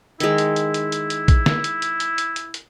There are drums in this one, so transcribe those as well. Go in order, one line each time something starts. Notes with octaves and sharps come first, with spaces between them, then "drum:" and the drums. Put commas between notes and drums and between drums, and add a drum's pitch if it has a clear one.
D#3 G#3 E4, drum: hi-hat
drum: hi-hat
drum: hi-hat
drum: hi-hat
drum: hi-hat
drum: hi-hat
drum: kick A#1, hi-hat
drum: snare
drum: hi-hat
drum: hi-hat
drum: hi-hat
drum: hi-hat
drum: hi-hat
drum: hi-hat